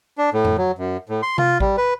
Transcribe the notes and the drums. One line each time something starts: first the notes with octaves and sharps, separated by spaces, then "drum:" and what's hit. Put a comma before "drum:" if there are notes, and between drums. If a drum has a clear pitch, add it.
D4
A2
drum: tom F2
F#3
F#2
A2
C6
F4, drum: tom C3
G3, drum: kick A1
B4